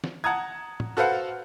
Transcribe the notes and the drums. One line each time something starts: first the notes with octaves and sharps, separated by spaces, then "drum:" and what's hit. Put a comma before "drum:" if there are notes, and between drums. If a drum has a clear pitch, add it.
drum: snare
F#5 A5 A#5 D#6 G#6
drum: tom
F#4 A4 B4 C5 F5 F#5